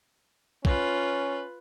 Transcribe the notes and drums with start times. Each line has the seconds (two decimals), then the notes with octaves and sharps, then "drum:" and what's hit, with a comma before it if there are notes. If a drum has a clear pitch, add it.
0.65 C#4 F4 B4, drum: kick